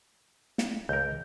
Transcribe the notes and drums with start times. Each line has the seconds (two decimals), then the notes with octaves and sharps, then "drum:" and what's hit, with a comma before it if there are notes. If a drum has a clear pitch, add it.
0.58 drum: snare
0.89 C#2 A#4 G6